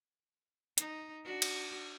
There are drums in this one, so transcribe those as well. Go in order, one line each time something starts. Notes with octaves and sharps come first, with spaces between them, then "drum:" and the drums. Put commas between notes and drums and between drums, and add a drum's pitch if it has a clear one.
D#4, drum: hi-hat
D4 F#4
drum: cymbal